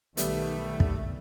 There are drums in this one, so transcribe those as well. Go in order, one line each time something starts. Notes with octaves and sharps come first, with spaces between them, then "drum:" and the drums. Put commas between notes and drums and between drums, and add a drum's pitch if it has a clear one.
B1 D#3 G3 A3 B3, drum: hi-hat
drum: kick